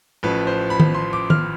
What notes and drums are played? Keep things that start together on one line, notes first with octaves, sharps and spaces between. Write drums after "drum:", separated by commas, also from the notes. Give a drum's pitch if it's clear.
A1 A2 F3 B4
C5
B5
drum: tom D#3
C6
D6
F6, drum: tom D#3